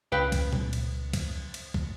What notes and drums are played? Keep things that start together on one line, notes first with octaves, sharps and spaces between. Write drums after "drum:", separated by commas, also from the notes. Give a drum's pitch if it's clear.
C#2 B4 F5 G5
drum: kick, cymbal
drum: tom A#2
drum: cymbal
drum: kick, cymbal
drum: cymbal
drum: kick